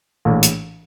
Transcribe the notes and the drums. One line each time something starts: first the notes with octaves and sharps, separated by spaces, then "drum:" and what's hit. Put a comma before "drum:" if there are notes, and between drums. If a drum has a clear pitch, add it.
A#1 A2 E3
drum: hi-hat